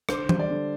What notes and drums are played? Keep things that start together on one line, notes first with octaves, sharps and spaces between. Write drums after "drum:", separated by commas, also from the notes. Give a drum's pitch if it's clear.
D3 C5, drum: rim click
G3, drum: tom E3
D5
D3